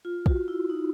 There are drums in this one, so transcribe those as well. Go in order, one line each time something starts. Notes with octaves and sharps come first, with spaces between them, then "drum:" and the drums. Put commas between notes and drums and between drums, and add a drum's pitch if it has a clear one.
F4
F#4, drum: kick
E4
D#4